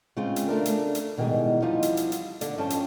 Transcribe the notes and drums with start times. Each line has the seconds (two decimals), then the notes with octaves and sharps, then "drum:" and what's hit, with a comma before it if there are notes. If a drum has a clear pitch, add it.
0.17 C#3 G#3 C4 F4 G5
0.36 drum: hi-hat
0.48 C#3 A3 D4 A#4
0.65 drum: hi-hat
0.95 drum: hi-hat
1.18 B2 D#3 E3 G3 G#3
1.62 E2 F3 G3 D#4 F4
1.83 drum: hi-hat
1.97 drum: hi-hat
2.12 drum: hi-hat
2.41 D3 D5, drum: hi-hat
2.58 G2 F3 C#4 G5 A5
2.70 drum: hi-hat